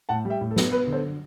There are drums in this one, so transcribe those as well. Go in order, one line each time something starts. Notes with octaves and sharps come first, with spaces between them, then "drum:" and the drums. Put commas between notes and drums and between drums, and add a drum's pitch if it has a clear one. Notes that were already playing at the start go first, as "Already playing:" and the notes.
A2 F#5 A5
G3
E5 G5
A2
A4
B3, drum: snare
B3 B4
D3
A4 C5